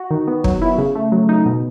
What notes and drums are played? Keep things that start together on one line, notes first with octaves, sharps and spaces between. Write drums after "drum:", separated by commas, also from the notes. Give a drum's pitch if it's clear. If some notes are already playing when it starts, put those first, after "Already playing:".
Already playing: F#4
D#3
B3
F#3, drum: kick
E4
C#3
A3
F#3
D#4
B2